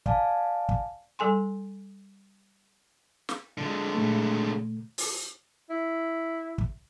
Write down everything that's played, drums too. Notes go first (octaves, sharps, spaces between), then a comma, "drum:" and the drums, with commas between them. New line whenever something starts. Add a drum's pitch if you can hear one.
D5 F5 G#5 A5, drum: kick
drum: kick
G3 A4 G#5 C6
drum: snare
D3 G#3
A#2 A3
drum: open hi-hat
E4
drum: kick